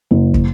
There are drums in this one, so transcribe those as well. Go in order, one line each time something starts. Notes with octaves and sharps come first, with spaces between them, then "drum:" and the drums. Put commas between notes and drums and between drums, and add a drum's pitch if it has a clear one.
F#1
drum: kick